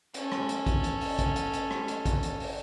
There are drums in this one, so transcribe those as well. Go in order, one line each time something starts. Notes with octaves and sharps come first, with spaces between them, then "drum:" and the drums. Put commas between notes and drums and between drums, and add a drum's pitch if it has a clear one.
C#4 A4, drum: hi-hat
drum: rim click
drum: hi-hat
drum: kick, hi-hat
drum: hi-hat
drum: open hi-hat
drum: kick, hi-hat
drum: hi-hat
drum: hi-hat
drum: rim click
drum: hi-hat
drum: kick, hi-hat
drum: hi-hat
drum: open hi-hat